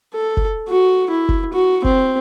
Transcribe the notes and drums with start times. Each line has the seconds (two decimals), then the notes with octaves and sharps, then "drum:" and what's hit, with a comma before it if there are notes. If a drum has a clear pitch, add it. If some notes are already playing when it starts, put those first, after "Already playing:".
0.14 A4
0.37 drum: kick F#1
0.69 F#4
1.10 E4
1.29 drum: kick F#1
1.53 F#4
1.84 C4, drum: kick F#1